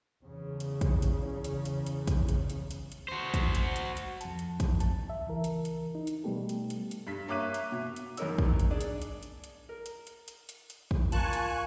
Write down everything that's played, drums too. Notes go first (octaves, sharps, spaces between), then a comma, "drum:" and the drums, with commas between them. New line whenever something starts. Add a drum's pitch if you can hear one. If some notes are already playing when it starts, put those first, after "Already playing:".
E2 C#3
drum: hi-hat
drum: kick, hi-hat
drum: hi-hat
drum: hi-hat
drum: hi-hat
drum: hi-hat
drum: kick, hi-hat
drum: hi-hat
drum: hi-hat
drum: hi-hat
drum: hi-hat
F#4 C5
drum: kick, hi-hat
drum: hi-hat
drum: hi-hat
drum: hi-hat
F2 A5, drum: hi-hat
drum: hi-hat
drum: kick, hi-hat
A5, drum: hi-hat
E5
C#2 E3 A#4
drum: hi-hat
drum: hi-hat
D#4
drum: hi-hat
B2 G3 A3 B3 G4 A4
drum: hi-hat
drum: hi-hat
drum: hi-hat
G2 B6
A#3 C#5 E5 D6 F#6 D#7
drum: hi-hat
B2
drum: hi-hat
F#2 B2 D#4 A#4 C#5 E6, drum: hi-hat
drum: kick
drum: hi-hat
D4 G#4
drum: hi-hat
drum: hi-hat
drum: hi-hat
drum: hi-hat
A#4
drum: hi-hat
drum: hi-hat
drum: hi-hat
drum: hi-hat
drum: hi-hat
drum: kick
F4 A#4 G#5 A5 C#6 F#6, drum: hi-hat
drum: hi-hat